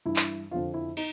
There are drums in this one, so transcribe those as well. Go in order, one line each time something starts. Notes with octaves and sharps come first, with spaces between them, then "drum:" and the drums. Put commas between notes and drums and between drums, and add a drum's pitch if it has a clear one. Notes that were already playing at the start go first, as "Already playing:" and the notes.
G2 E3 E4
drum: clap
F2 D3 F3 F4
E4
D#4, drum: cymbal